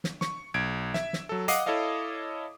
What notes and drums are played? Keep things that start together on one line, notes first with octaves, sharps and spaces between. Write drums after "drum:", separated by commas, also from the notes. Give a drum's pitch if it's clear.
drum: snare
C#6, drum: snare
B1 G#6 D7
E5, drum: snare
drum: snare
F#3 A4
D#5 F5 F#5 D6 D#6 C7, drum: hi-hat
E4 A4 C#5 D#5 F5